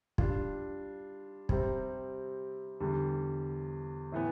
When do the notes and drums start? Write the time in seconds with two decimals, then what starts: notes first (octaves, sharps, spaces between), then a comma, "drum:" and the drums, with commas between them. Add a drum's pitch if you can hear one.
0.18 G3 D4 F4, drum: kick
1.49 C3 G3 C4, drum: kick
2.80 E2 D3 G3
4.12 A2 E3 B3